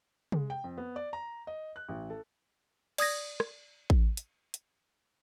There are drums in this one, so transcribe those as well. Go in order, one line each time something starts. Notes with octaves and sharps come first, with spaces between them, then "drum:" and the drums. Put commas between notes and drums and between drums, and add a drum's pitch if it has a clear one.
G#3, drum: tom
G5
F2
B3
D5
A#5
D#5
F#6
A1
A4
D5 D#6 G#6 A#6, drum: cymbal
drum: rim click
drum: kick A1
drum: hi-hat
drum: hi-hat